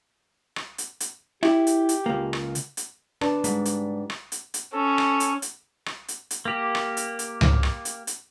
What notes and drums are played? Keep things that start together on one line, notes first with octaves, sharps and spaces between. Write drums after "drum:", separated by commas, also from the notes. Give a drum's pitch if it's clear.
drum: rim click
drum: hi-hat
drum: hi-hat
E4 G4, drum: rim click
drum: hi-hat
drum: hi-hat
C#2 A#3
drum: rim click
drum: hi-hat
drum: hi-hat
D4 B4 D5 A5, drum: rim click
G#2 G3, drum: hi-hat
drum: hi-hat
drum: rim click
drum: hi-hat
drum: hi-hat
C#4 A4
drum: rim click
drum: hi-hat
drum: hi-hat
drum: rim click
drum: hi-hat
drum: hi-hat
A#3 G4
drum: rim click
drum: hi-hat
drum: hi-hat
drum: tom C#2
drum: rim click
drum: hi-hat
drum: hi-hat